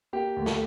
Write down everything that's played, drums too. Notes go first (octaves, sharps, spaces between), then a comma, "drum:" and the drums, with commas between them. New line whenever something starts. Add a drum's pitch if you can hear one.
A#3 G4
D2
drum: snare